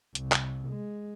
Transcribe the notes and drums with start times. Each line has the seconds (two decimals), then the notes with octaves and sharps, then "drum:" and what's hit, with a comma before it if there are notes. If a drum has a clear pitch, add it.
0.15 C2, drum: hi-hat
0.32 drum: clap
0.69 G#3